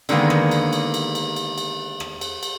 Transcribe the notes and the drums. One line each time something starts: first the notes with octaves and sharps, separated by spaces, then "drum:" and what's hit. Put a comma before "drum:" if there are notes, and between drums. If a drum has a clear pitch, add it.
D3 D#3 G#3 A#3 B3, drum: cymbal
drum: rim click
drum: cymbal
drum: cymbal
drum: cymbal
drum: cymbal
drum: cymbal
drum: cymbal
drum: rim click
drum: cymbal
drum: cymbal